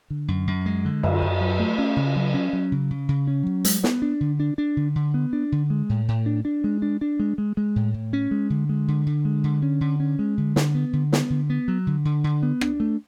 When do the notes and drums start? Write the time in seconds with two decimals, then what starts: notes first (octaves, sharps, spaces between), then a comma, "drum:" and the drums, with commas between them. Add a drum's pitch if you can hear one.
0.10 D3
0.28 F#2
0.47 F#2
0.66 G#3
0.85 D3
1.03 F#2, drum: cymbal
1.22 F#2
1.41 F#3
1.59 A3
1.78 C#4
1.96 C#3
2.16 F#3
2.34 C#4
2.53 F#3
2.72 C#3
2.91 C#3
3.09 C#3
3.27 C#4
3.46 F#3
3.65 G#3, drum: hi-hat
3.84 B3, drum: snare
4.02 D4
4.21 D3
4.40 D4
4.58 D4
4.77 D3
4.96 D3
5.14 B3
5.33 D4
5.52 D3
5.70 G#3
5.89 A2
6.08 A2
6.26 D4
6.45 D4
6.64 G#3
6.82 D4
7.01 D4
7.19 G#3
7.38 G#3
7.57 G#3
7.76 A2
7.94 A2
8.13 C#4
8.31 G#3
8.50 D3
8.69 G#3
8.88 D3
9.06 D3
9.25 G#3
9.44 D3
9.62 C#4
9.81 D3
10.00 C#4
10.19 G#3
10.38 D3
10.56 D3, drum: snare
10.75 B3
10.93 D3
11.13 B3, drum: snare
11.30 D3
11.50 B3
11.68 F#3
11.87 D3
12.05 D3
12.24 D3
12.43 B3
12.61 D4, drum: rim click
12.80 A3